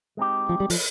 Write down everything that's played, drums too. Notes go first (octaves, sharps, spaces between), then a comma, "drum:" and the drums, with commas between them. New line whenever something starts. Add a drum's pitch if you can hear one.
G#3 C4 D#4 G4
F3
G3
F3, drum: open hi-hat